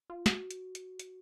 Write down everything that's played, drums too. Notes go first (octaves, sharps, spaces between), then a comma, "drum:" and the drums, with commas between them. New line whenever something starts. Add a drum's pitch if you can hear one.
F4
F#4, drum: snare
drum: hi-hat
drum: hi-hat
drum: hi-hat